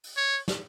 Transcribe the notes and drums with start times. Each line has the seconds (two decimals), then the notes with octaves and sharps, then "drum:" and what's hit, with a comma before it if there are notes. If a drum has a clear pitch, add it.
0.04 drum: open hi-hat
0.17 C#5
0.48 drum: snare